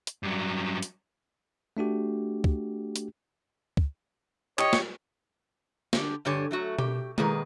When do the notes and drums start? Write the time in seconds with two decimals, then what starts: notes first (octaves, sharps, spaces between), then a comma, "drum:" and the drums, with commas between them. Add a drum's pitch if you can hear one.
0.07 drum: hi-hat
0.23 G2 F#3
0.82 drum: hi-hat
1.77 A3 D4 F#4 G4
2.44 drum: kick
2.96 drum: hi-hat
3.77 drum: kick
4.59 G4 C#5 D#5, drum: clap
4.73 drum: snare
5.93 D3 G4, drum: snare
6.25 G2 D3 G4 C#5 G#5
6.51 F#3 A3 F#4
6.79 G4, drum: tom B2
7.18 B2 D#3 A#3 G#4 B4, drum: tom G#3